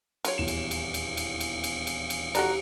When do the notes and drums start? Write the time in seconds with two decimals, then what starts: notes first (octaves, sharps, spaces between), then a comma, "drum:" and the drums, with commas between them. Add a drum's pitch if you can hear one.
0.25 F#3 F4 C#5, drum: cymbal
0.38 D#1 E2 E7
0.48 drum: cymbal
0.71 drum: cymbal
0.94 drum: cymbal
1.17 drum: cymbal
1.40 drum: cymbal
1.64 drum: cymbal
1.87 drum: cymbal
2.10 drum: cymbal
2.35 F#4 G4 A4 D5 A#5 F#6, drum: cymbal